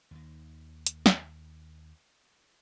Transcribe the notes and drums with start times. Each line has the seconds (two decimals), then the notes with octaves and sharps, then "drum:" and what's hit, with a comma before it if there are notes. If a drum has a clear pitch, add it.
0.11 D#2 D#3
0.86 drum: hi-hat
1.06 drum: snare